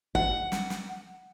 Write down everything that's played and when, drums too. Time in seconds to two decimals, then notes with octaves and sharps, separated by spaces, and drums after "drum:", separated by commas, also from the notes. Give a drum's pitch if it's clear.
0.15 F#5, drum: kick
0.52 drum: snare
0.70 drum: snare